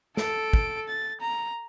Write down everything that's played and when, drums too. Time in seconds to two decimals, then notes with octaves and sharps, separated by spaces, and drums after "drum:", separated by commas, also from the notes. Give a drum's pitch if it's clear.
0.17 A4 D7, drum: snare
0.53 drum: kick
0.88 A6
1.21 A#5